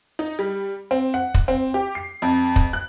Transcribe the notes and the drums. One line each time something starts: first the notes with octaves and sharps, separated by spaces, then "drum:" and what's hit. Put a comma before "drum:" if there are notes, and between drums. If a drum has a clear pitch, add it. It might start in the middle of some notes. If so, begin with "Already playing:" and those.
D#4
G3
C4
F#5
drum: kick
C4
G4
C7
F2
drum: kick
F#6